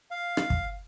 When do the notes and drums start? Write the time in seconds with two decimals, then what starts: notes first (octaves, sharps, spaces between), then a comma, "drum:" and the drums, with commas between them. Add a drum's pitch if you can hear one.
0.11 F5
0.37 drum: rim click
0.50 drum: kick